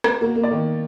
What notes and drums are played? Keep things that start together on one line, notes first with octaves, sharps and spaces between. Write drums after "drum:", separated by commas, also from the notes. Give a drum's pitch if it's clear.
drum: rim click
A#3 F#4
A#3
D5
D#3